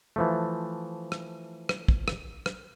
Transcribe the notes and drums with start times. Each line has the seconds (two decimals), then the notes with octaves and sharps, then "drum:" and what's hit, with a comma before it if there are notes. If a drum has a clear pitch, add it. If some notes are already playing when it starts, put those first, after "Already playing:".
0.16 E3 F3 A3
1.12 drum: rim click
1.69 drum: rim click
1.88 drum: kick
2.08 drum: rim click
2.46 drum: rim click